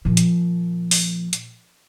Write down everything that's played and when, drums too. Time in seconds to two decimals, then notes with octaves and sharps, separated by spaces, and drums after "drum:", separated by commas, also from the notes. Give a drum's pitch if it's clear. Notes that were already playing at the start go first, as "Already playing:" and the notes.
0.05 A#2 F3
0.17 drum: hi-hat
0.91 drum: open hi-hat
1.33 drum: hi-hat